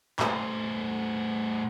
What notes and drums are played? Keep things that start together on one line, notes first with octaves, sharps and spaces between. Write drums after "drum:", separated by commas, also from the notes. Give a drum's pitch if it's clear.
A2 C5, drum: clap